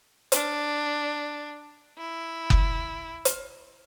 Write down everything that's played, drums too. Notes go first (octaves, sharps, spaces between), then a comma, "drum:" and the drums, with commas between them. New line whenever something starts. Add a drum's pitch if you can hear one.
D4, drum: hi-hat
E4
drum: kick F#1
drum: hi-hat